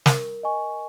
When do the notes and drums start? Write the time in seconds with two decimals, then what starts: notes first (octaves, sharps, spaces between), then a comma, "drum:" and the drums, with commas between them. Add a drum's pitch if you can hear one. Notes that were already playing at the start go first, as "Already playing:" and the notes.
0.06 A#4, drum: snare
0.43 D#5 G#5 C#6